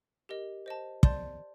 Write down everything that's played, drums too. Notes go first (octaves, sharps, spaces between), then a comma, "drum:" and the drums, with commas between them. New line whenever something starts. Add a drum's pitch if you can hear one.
G4 A#4 D#5
C5 D#5 A5
D5 A5 C6 G6, drum: kick